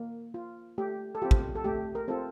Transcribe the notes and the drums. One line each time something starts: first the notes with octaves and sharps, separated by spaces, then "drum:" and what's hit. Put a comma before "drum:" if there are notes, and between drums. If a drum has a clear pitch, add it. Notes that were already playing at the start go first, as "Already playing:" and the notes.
Already playing: A#3
F4
A3 G4
A4
C4 F4 G4
drum: kick
A4
A3 G4
A#4
C4 F4 A4